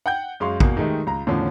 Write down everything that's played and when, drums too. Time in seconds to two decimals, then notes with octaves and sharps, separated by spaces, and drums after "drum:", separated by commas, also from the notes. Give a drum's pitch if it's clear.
0.06 F#5 G5 G6
0.40 F#2 G#3 F5 C6 C#6
0.60 E2 B2 A#3, drum: kick
0.77 D#3 G#3 A3 D#4 G4
1.07 C#2 A#5
1.27 E2 A2 D3 D#3 F3 C#4